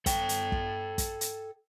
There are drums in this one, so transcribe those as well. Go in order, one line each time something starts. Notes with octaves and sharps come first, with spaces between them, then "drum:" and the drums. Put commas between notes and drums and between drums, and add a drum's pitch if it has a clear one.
A4 G5, drum: kick, hi-hat
drum: hi-hat
drum: kick
drum: kick, hi-hat
drum: hi-hat